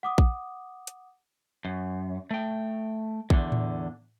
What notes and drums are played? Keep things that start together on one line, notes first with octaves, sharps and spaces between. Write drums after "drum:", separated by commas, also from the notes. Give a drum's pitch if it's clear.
F#5 D6 D#6
drum: kick A#1
drum: hi-hat
F#2
A3 G5
E2 D3, drum: kick A#1
drum: tom A2